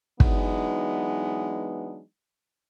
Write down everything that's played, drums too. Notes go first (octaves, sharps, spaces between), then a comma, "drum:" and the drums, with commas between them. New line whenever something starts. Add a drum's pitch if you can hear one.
E3 F#3 G#3 B3 D4 D#4, drum: kick